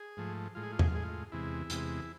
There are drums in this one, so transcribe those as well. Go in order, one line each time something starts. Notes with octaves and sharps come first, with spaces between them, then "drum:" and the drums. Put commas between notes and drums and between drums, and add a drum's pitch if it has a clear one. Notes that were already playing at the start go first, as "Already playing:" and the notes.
Already playing: G#4
G#2 F3 A3
A2 G#3 F4
G#4
F4
G#4, drum: tom E2
F4
A2 G#3 G#4
F4
E2 C3 G#3 E4
E2 C3 G#3, drum: hi-hat